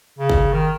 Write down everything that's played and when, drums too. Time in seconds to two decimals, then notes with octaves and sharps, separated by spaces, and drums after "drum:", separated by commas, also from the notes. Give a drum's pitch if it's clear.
0.19 C#3
0.30 drum: kick G1
0.53 D#3